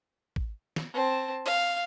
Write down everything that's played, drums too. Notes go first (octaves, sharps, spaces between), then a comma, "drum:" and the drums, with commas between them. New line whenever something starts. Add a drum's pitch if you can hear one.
drum: kick
drum: snare
C4 A5
F5, drum: cymbal